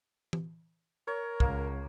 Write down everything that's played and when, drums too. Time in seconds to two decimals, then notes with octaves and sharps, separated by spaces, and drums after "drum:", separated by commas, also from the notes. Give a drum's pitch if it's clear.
0.33 drum: tom E3
1.07 A#4 C#5
1.40 C#2 A#3, drum: kick